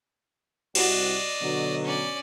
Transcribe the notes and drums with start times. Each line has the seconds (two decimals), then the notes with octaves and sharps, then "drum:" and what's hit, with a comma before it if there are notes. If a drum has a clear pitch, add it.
0.75 C2 F#4 D5 D#5, drum: cymbal
1.41 B2 D3 F#3
1.85 C#4 D5